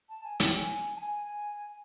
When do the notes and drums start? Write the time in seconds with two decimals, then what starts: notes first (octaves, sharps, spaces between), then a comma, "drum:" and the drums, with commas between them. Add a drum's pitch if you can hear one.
0.09 A5
0.24 G#5
0.40 G5, drum: hi-hat
0.55 G#5
0.96 A5
1.01 G#5